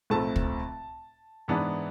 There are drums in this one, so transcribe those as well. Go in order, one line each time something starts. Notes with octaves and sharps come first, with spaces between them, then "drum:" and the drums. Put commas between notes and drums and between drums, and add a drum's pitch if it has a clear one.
B1 A2 F3 A3 C4 A5
drum: kick
G#2 E3 B3 D4